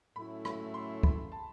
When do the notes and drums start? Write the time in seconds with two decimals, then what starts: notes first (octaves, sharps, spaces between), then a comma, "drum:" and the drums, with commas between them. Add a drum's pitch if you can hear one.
0.16 A2 F#3 A3 C#4 E4 B5
0.45 B5, drum: rim click
0.74 C6
1.03 B5, drum: kick
1.32 A5